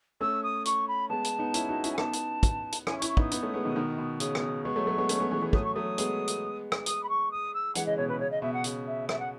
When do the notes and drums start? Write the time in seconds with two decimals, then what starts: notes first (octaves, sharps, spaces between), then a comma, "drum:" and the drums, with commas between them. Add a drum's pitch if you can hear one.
0.21 A3 C#4 E6
0.43 D#6
0.65 C#6, drum: hi-hat
0.88 B5
1.09 G#3 B3 A5
1.24 drum: hi-hat
1.39 B3 D#4
1.54 C#4 E4, drum: hi-hat
1.69 D#4 F#4
1.84 C#4 E4, drum: hi-hat
1.93 G#5
1.98 B3 D#4 A5, drum: rim click
2.13 drum: hi-hat
2.43 drum: kick, hi-hat
2.72 drum: hi-hat
2.87 C#4 E4 G#5, drum: rim click
2.98 C#6
3.02 C#4 E4, drum: hi-hat
3.09 C#6
3.17 B3 D#4 D#6, drum: kick
3.31 B3 D#4, drum: hi-hat
3.42 A3 C#4
3.54 G#3 B3
3.65 B2 D#3
3.76 B2 D#3
3.98 B2
4.20 C#3 D#6, drum: hi-hat
4.35 B2, drum: rim click
4.42 D#6
4.64 G#3 B3 C#6
4.76 F#3 A3
4.87 F#3 A3
4.98 G#3 B3
5.09 A3 C#4, drum: hi-hat
5.20 G#3 B3
5.31 E3 G#3
5.42 E3 G#3
5.53 F#3 A3 D#6, drum: kick
5.64 C#6
5.74 F#3 A3 D#6
5.98 G#3 B3, drum: hi-hat
6.28 drum: hi-hat
6.72 drum: rim click
6.86 D#6, drum: hi-hat
7.03 B5
7.09 C#6
7.31 D#6
7.54 E6
7.75 E3 G#3 F#5, drum: hi-hat
7.86 C#3 D#5
7.97 B2 C#5
8.09 C#3 B4
8.20 C#3 C#5
8.31 D#5
8.42 B2 E5
8.53 F#5
8.64 C#3, drum: hi-hat
8.87 E5
9.09 E5, drum: rim click
9.19 F#5